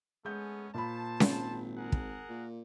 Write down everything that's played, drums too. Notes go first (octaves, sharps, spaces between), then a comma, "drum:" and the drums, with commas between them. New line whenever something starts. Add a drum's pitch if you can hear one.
G#3 A3 B3 C#4 G6
A#2 C5 A5 B5
G#1, drum: snare C#4
G#4 A#4 F#5
drum: kick
A#2